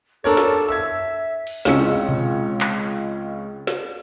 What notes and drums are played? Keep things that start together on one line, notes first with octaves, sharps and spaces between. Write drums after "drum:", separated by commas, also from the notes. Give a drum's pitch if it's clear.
D4 A4 A#4 C#5
drum: snare
E5 E6 G#6
drum: cymbal
C#2 G#3 C4 C#4 E6 C#7, drum: snare
drum: tom B2
drum: clap
drum: snare